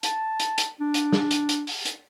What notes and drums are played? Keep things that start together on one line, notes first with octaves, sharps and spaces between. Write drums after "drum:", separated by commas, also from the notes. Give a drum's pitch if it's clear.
A5, drum: hi-hat
drum: hi-hat
drum: hi-hat
D4
drum: hi-hat
drum: snare G#4
drum: hi-hat
drum: hi-hat
drum: open hi-hat
drum: hi-hat